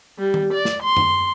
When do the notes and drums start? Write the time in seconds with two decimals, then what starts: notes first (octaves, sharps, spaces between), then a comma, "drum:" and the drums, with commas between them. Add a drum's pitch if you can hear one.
0.18 G3
0.34 drum: tom D#3
0.53 D5
0.65 drum: snare
0.83 C6
0.97 drum: tom F#2